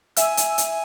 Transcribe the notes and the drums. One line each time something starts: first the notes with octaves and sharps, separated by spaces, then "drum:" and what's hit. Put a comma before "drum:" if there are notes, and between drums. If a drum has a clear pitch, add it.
E5 G#5 E6, drum: hi-hat
drum: hi-hat
drum: hi-hat